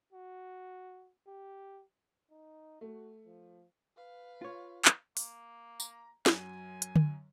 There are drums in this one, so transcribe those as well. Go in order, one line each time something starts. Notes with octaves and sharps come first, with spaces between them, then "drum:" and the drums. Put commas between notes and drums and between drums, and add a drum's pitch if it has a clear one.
F#4
G4
D#4
A3 F#4
F3
B4 F5
F4 C#5
drum: clap
A#3, drum: open hi-hat
A#5, drum: tambourine
F#2 F#3 G#5, drum: snare
drum: hi-hat
drum: tom D3